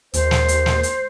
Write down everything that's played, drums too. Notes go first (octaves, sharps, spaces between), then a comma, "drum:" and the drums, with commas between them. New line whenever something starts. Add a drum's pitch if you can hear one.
D#2 C5, drum: hi-hat
drum: snare
drum: hi-hat
drum: snare
drum: hi-hat